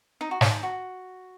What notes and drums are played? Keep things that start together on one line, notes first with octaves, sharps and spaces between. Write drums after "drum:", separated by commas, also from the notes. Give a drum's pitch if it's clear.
D#4
F#4
D#4, drum: snare
F#4